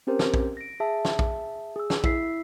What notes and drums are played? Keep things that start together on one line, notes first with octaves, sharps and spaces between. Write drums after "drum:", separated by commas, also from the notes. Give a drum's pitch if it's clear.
C4 C#4 G4 A#4 C5
drum: snare
drum: kick A#1
A#6 D7
G#4 E5 A5
drum: snare
drum: kick A#1
G#4 E6
drum: snare
E4 E5 E6 B6 C7, drum: kick A#1